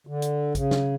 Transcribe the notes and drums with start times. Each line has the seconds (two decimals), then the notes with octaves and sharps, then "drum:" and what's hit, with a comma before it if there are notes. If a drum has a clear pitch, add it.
0.07 D3
0.22 drum: hi-hat
0.55 C#3, drum: kick A1, hi-hat
0.71 drum: snare